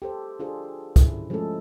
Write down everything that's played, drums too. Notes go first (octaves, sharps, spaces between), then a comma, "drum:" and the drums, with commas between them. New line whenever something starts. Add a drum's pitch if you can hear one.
G4 A4 C5
D4 F4 G#4 A4 C5
C#3 E4, drum: kick, hi-hat
F3 G#3 A3 C#4 G#4 A4